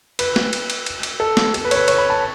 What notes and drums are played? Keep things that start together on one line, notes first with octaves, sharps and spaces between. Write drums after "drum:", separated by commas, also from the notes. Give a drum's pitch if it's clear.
B4, drum: cymbal
drum: snare
drum: cymbal
drum: cymbal
drum: cymbal
drum: cymbal
A4
drum: snare
A4, drum: cymbal
B4
C#5, drum: cymbal
B4
C#5, drum: cymbal
B5
A5